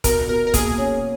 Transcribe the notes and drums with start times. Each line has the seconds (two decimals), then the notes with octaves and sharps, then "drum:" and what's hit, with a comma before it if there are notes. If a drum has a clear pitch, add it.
0.04 B2 A#4, drum: kick E1, hi-hat
0.29 B2 A#4
0.47 A#4
0.54 A#3 G#4, drum: kick E1, hi-hat
0.78 C#4